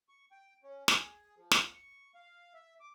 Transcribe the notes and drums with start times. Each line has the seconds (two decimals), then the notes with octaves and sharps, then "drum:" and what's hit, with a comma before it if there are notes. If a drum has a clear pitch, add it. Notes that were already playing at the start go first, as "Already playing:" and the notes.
0.09 C#6
0.31 G5
0.63 C#4
0.88 G#4, drum: snare
1.37 F3
1.51 drum: snare
1.72 C#6
2.15 F5
2.54 E5
2.80 D6